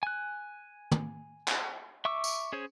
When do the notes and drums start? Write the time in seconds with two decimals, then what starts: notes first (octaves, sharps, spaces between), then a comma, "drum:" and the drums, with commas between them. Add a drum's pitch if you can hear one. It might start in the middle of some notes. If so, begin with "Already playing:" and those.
0.03 G#5 F#6
0.91 drum: tom
1.48 drum: clap
2.05 E5 C#6 D6 E6
2.24 drum: tambourine
2.52 C#4 G#4 C5 C#5